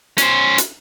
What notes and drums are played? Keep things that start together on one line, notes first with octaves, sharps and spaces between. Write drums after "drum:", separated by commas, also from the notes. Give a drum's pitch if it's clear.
C#4 C5, drum: hi-hat
drum: hi-hat